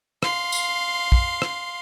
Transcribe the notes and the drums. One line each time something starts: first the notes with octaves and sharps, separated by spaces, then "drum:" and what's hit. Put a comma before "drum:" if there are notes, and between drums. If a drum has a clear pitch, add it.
F5 C6, drum: rim click
drum: tambourine
drum: kick
drum: rim click